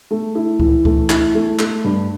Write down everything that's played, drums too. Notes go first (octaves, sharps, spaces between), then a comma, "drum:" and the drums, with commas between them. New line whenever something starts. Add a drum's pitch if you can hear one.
A3
E4
E3, drum: kick C#2
A3, drum: kick C#2
E4, drum: clap
A3
A3, drum: clap
G2